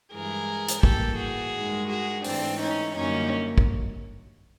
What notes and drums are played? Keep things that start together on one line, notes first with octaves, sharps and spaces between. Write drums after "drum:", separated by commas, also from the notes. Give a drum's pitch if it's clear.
G2 E3 G#3 G#4 A#4
drum: hi-hat
A2 E3 G3 A#3 G4 A4, drum: kick
F#4 G#4
G2 D#3 G#3
F#4 G#4
G#2 E3 A3 C4 D4, drum: open hi-hat
C#4 D#4
F#2 D3 G3 A#3 C#4 D#4
drum: kick